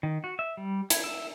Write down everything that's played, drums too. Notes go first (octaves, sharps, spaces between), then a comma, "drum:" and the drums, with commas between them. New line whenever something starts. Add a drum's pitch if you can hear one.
D#3
F#4
E5
G3
E4, drum: hi-hat
E5